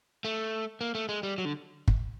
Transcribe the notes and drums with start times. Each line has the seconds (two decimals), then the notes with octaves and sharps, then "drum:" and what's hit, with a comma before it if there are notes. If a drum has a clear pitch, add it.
0.25 A3
0.81 A#3
0.95 A3
1.09 G#3
1.23 G3
1.38 F#3
1.45 D3
1.88 drum: kick